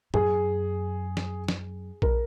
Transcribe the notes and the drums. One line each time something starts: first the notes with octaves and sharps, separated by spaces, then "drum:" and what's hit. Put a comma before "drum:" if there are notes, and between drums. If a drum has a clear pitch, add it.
F#2 G#4, drum: tom
drum: snare
drum: snare
A#4, drum: kick A#1